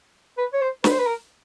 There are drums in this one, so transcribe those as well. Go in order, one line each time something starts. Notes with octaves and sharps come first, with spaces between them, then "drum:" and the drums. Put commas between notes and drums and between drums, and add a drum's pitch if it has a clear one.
B4
C#5
C5
B4, drum: snare
C5
B4
A#4